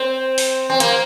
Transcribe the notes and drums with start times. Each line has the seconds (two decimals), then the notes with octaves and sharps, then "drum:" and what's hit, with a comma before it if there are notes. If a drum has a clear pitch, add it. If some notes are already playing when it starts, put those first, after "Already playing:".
Already playing: C4
0.38 drum: open hi-hat
0.70 C4
0.80 A#3, drum: hi-hat